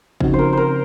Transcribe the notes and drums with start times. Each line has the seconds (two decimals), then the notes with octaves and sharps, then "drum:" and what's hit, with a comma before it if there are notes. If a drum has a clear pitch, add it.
0.20 C#3 F3 C4 D#4 F#4, drum: kick G1
0.34 C5
0.39 A#4
0.53 A#4 C5